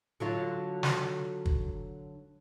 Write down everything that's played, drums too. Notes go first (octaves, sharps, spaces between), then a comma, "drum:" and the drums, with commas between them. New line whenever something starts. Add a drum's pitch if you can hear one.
D3 F#3 F4
drum: snare
drum: kick